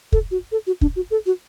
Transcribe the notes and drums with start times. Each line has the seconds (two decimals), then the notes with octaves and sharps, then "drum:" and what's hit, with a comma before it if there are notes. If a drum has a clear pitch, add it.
0.12 A4, drum: kick
0.31 F#4
0.52 A4
0.67 F#4
0.81 D4, drum: kick
0.96 F#4
1.11 A4
1.26 F#4